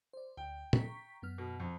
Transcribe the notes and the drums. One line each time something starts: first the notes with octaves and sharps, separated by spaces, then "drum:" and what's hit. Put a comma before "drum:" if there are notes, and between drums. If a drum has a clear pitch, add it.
C5 D5
D2 G5
A#5 C#6 B6, drum: tom
F#2 B3 F6
B2
F2